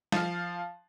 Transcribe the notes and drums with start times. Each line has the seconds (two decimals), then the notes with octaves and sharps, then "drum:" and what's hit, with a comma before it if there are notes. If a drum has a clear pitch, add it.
0.12 F3 F5, drum: snare